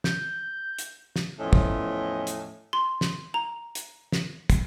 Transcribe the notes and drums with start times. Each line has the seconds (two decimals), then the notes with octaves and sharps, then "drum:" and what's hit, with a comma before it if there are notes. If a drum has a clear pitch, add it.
0.04 G6, drum: snare
0.78 drum: hi-hat
1.16 drum: snare
1.39 E2 A2 F3 C#4 D#5
1.53 drum: kick
2.27 drum: hi-hat
2.73 C6
3.01 drum: snare
3.34 A#5
3.75 drum: hi-hat
4.12 drum: snare
4.50 drum: kick, hi-hat